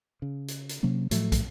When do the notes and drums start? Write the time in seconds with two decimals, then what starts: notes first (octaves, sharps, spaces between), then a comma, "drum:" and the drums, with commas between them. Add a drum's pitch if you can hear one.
0.22 C#3
0.48 drum: hi-hat
0.69 drum: hi-hat
0.83 C3 F#3 A#3 C#4
1.11 A2 F3 F#3 A3, drum: hi-hat
1.32 drum: kick, hi-hat